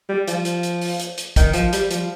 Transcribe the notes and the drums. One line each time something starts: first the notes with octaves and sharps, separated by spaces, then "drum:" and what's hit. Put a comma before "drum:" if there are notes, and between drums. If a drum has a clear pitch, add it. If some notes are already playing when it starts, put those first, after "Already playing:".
G3
F3, drum: hi-hat
drum: hi-hat
drum: hi-hat
drum: open hi-hat
drum: hi-hat
drum: hi-hat
D#3, drum: kick, hi-hat
F3, drum: hi-hat
G3, drum: hi-hat
F3, drum: hi-hat